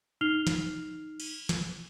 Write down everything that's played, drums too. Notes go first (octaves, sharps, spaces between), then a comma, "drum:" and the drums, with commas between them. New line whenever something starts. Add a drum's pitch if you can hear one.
D#4 F6 C7 F7 G7
drum: snare
drum: cymbal
drum: snare